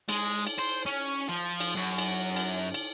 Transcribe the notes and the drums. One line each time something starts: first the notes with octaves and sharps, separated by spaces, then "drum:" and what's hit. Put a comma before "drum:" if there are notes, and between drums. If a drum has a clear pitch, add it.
G#3, drum: cymbal
drum: cymbal
C5
C#4
F3
drum: cymbal
F#2
drum: cymbal
drum: cymbal
drum: cymbal